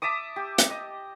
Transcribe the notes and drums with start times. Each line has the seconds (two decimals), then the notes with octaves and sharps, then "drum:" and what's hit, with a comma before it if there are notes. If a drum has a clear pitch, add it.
0.02 E5 A5 D6 D#6
0.36 G4
0.58 drum: hi-hat
0.70 D#5